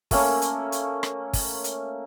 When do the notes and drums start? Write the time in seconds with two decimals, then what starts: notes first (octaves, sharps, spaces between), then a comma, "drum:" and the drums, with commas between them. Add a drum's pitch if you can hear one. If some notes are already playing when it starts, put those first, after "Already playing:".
0.11 A3 A#3 C#4 A#4, drum: kick, open hi-hat
0.42 drum: hi-hat
0.72 drum: hi-hat
1.03 drum: rim click
1.33 drum: kick, open hi-hat
1.64 drum: hi-hat